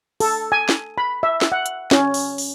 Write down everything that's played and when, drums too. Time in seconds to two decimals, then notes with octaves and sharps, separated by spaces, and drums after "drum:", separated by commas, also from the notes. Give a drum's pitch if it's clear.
0.20 A4, drum: open hi-hat
0.52 G#5
0.69 drum: snare
0.98 B5
1.23 E5
1.41 drum: snare
1.52 F#5
1.66 drum: hi-hat
1.91 C#4, drum: snare
2.14 drum: open hi-hat
2.38 drum: open hi-hat